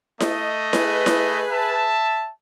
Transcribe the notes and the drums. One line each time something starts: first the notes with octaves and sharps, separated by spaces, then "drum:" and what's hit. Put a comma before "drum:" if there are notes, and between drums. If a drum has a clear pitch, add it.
A3 D#5, drum: snare E4
G#4 B4, drum: snare E4
drum: snare E4
E5 A5